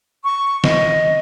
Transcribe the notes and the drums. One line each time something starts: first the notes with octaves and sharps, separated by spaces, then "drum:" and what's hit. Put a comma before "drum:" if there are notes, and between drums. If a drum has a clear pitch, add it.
C#6
D#5, drum: snare